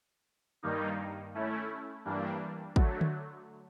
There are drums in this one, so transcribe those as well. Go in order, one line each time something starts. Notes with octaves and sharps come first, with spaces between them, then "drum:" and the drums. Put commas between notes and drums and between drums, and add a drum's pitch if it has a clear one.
G2 D#3 G3 A#3 D#4
A3 C#4 E4
G2 E3 G3 A#3 D4
D3 F#3 A3, drum: kick
drum: tom D3